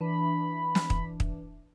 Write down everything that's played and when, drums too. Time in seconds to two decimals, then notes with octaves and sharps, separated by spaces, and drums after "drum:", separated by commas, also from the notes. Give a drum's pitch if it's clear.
0.01 E3 D4 B5
0.75 drum: snare
0.90 drum: kick
1.20 drum: kick